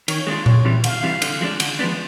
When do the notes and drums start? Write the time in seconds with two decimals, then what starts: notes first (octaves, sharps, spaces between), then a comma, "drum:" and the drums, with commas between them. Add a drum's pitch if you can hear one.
0.08 D#3 C#5, drum: cymbal
0.27 G#3 B3 D4 F4
0.46 D2 C#5, drum: tom A#2
0.65 C3 E3 G3
0.84 D2 F5, drum: cymbal
1.03 C3 E3 G3
1.22 D3, drum: cymbal
1.41 F3 G#3 B3 D4
1.60 D3, drum: cymbal
1.79 F3 G#3 B3 D4